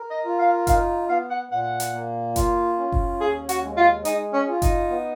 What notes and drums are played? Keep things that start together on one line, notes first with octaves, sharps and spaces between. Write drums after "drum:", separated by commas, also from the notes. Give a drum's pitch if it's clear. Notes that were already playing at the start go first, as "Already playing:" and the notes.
Already playing: A#4
D#5
F4
F5
D#4 F5, drum: kick F#1, hi-hat
B3 F5
F#5
A#2 F#5
drum: hi-hat
A#3
F4, drum: kick F#1, hi-hat
C#4
drum: kick F#1
D#2 G#4
F#4, drum: hi-hat
G#3
F4
D#4 G#4, drum: hi-hat
C#4
F4
D#4, drum: kick F#1, hi-hat
B3